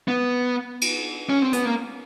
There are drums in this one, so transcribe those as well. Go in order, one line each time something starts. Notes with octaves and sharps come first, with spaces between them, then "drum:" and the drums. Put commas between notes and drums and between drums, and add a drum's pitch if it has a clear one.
B3
drum: cymbal
C#4
C4
B3, drum: hi-hat
A#3